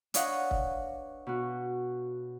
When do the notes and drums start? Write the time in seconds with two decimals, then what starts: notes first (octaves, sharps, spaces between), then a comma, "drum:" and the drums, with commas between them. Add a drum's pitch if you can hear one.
0.14 D4 B4 C#5 D#5 F5 F#5, drum: hi-hat
0.51 drum: kick C#1
1.27 B2 F#4